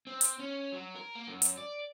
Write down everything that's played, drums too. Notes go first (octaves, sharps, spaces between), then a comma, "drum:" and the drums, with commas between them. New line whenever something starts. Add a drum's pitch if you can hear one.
C4
drum: hi-hat
C#4
F#3
A#4
A#3
F#2
drum: hi-hat
D5